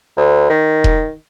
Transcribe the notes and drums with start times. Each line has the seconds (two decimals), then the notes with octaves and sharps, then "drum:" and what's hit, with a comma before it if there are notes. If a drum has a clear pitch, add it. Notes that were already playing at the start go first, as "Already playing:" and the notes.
0.17 D2
0.50 D#3
0.84 drum: kick E1